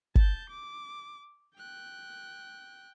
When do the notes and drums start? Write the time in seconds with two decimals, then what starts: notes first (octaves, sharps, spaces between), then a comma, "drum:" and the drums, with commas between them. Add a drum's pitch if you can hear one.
0.15 A5 G6, drum: kick G1
0.49 D6
1.56 G5 F#6